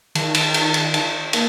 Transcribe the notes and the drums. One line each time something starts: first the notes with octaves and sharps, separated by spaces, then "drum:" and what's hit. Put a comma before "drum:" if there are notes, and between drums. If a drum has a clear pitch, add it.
D#3, drum: cymbal
drum: cymbal
drum: cymbal
drum: cymbal
drum: cymbal
A#3, drum: cymbal